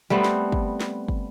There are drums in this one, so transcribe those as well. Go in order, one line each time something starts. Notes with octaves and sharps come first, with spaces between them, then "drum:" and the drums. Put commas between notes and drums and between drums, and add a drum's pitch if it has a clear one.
G3 A3 B3 C4
drum: snare
drum: kick
drum: snare
drum: kick